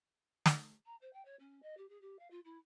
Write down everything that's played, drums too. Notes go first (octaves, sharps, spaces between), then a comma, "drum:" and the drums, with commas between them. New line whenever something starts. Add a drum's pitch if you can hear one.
drum: snare
A#5
C5
G5
C#5
C#4
D#5
G4
G#4
G4
F5
F4
E4